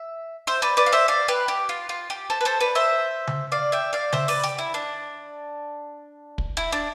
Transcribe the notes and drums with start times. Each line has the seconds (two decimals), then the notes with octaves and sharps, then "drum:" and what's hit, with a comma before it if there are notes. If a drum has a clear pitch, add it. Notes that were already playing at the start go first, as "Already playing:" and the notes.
Already playing: E5
0.47 C5 E5
0.62 B4 D5
0.77 B4 D5
0.86 F5
0.92 C5 E5
1.08 D5 F5
1.28 G4 B4
1.48 G4
1.69 F4
1.89 F4
2.10 G4
2.30 A4 C5
2.41 B4
2.45 A4 C5
2.60 B4 D5
2.75 C5 E5
3.27 drum: tom C#3
3.52 D5 F5
3.72 E5 G5
3.93 D5 F5
4.13 C5 E5, drum: tom C#3
4.28 B4 D5, drum: open hi-hat
4.43 G4
4.58 E4
4.74 D4
6.38 drum: kick
6.57 E4
6.72 D4